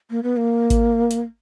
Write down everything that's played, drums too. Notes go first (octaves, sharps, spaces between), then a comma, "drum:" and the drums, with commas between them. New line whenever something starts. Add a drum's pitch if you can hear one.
A#3
B3
A#3
drum: kick G#1, hi-hat
drum: hi-hat